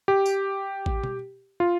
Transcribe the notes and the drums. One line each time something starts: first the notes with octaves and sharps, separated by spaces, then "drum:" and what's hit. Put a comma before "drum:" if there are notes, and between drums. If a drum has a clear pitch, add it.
G4
drum: tambourine
drum: kick A1
drum: tom B2
F4